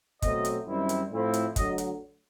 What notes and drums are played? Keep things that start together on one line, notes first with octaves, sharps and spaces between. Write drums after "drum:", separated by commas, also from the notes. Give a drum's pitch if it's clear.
B2 F#3 A3 C4 D#5, drum: kick F#1, hi-hat
drum: hi-hat
F#2 D#3 G3 C4 E4
drum: hi-hat
A2 F3 A3 C4 E4
drum: hi-hat
D2 D3 F#3 D#5, drum: kick F#1, hi-hat
drum: hi-hat